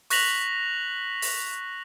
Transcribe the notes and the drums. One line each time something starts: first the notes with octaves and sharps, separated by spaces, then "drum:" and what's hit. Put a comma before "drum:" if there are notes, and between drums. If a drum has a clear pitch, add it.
C#6 F#6 A#6 B6 F7 F#7, drum: open hi-hat
drum: open hi-hat